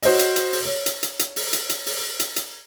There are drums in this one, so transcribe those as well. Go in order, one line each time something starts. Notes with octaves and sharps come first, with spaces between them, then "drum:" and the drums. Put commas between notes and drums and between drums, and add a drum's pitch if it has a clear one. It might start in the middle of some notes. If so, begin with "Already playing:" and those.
F#4 C5 C#5 D#5, drum: open hi-hat
drum: hi-hat
drum: hi-hat
drum: open hi-hat
C#5
drum: hi-hat
drum: hi-hat
drum: hi-hat
drum: open hi-hat
drum: hi-hat
drum: hi-hat
drum: open hi-hat
drum: hi-hat
drum: hi-hat